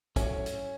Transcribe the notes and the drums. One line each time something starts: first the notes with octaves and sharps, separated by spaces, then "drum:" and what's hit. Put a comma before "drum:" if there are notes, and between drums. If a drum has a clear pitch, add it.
A2 F#3 A3 C#4, drum: kick, hi-hat
drum: hi-hat